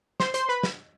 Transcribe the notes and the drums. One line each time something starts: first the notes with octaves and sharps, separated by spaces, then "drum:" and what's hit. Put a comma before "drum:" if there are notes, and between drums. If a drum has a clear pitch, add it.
C5 C6, drum: snare
C5 C6, drum: hi-hat
B4 B5
drum: snare